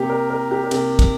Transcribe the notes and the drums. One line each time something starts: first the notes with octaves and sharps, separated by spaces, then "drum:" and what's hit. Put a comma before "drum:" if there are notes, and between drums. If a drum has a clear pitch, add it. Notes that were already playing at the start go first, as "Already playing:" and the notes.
Already playing: C3 A#3 G4
A#4
A#4
G4
A#4
C3 A#3 G4, drum: cymbal
drum: kick, cymbal